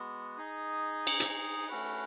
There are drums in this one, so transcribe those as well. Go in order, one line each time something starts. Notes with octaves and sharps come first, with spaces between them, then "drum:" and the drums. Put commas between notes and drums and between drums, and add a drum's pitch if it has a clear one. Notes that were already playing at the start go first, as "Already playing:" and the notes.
Already playing: G#3 B3 F#4
D#4 G#4 D#5
drum: cymbal
drum: hi-hat
A3 C#4 F#4 B4